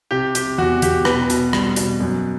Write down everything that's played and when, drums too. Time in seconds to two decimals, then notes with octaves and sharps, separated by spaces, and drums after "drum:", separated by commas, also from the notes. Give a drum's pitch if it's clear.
0.11 C3 G4
0.35 C3 G4, drum: hi-hat
0.58 E2 F#4
0.82 E2 G4, drum: hi-hat
1.05 B2 B4, drum: rim click
1.30 B2, drum: hi-hat
1.53 G3, drum: rim click
1.76 B2, drum: hi-hat
2.00 F#2